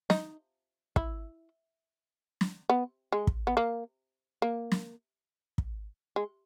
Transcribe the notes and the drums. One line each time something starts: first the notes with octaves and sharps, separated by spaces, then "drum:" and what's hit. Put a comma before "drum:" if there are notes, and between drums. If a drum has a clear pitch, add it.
D#4, drum: snare
E4, drum: kick
drum: snare
B3
G#3
drum: kick
B3
A#3
A#3
drum: snare
drum: kick
G#3